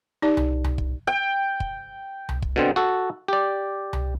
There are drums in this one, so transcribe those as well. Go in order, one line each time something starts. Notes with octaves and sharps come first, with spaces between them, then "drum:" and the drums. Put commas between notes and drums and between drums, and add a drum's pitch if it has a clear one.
D#4 G4 D5 A5
drum: tom C2
drum: tom C2
drum: kick
G5
drum: kick
drum: tom C2
drum: kick
B2 D3 C4
F#4 A4
G4 D5
drum: tom C2